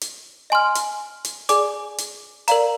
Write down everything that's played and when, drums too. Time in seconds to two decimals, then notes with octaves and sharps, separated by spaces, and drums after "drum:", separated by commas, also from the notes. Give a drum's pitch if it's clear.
0.01 drum: hi-hat
0.50 D#5 G#5 C6 F6
0.75 drum: hi-hat
1.24 drum: hi-hat
1.49 G#4 D5 G#5 D6, drum: hi-hat
1.98 drum: hi-hat
2.48 A#4 D5 F5 A#5, drum: hi-hat